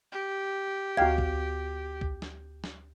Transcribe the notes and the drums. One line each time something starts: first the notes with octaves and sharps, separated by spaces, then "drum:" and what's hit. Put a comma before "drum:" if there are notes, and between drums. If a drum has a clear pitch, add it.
G4
D2 F#4 F5 G5 G#6
drum: kick
drum: kick
drum: snare
drum: snare